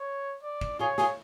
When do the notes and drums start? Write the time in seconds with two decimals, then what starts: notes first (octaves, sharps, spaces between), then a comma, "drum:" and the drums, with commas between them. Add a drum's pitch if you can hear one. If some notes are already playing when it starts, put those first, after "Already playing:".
Already playing: C#5
0.43 D5
0.61 drum: kick
0.79 F4 G#4 C#5
0.98 F4 G#4, drum: snare